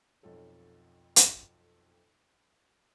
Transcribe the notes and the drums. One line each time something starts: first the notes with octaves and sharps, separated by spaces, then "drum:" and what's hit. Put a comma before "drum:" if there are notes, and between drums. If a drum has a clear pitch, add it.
B1 F2 F4 A4 C#5
drum: hi-hat